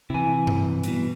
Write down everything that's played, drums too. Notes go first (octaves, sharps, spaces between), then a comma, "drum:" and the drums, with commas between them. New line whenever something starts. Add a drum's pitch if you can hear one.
C3 E3 E4 G#5
drum: tom G2
G2 B2 E3, drum: hi-hat